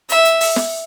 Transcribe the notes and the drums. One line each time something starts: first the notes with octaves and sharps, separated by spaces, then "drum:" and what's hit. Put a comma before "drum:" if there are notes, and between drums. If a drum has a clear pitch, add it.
E5, drum: hi-hat
drum: hi-hat
drum: open hi-hat
drum: snare